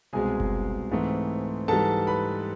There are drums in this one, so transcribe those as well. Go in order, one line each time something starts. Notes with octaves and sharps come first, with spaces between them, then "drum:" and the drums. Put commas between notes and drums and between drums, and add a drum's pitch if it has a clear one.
C2 B2 G#3 C4 G#4 G#5
drum: kick F#1
G#2 E3 A3 C4
G#2 E3 G3 A4 A5
B4 B5